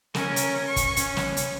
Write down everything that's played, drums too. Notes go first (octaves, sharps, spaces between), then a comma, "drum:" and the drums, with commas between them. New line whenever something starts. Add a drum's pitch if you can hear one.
C#4 A#4, drum: snare
drum: hi-hat
C#6
drum: kick, hi-hat
C#4, drum: hi-hat
drum: snare
drum: hi-hat